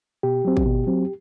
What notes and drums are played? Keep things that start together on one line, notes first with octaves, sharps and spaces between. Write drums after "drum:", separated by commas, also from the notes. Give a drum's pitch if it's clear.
B2 G4
F#3 C4
drum: kick G#1
B2
F#3 C4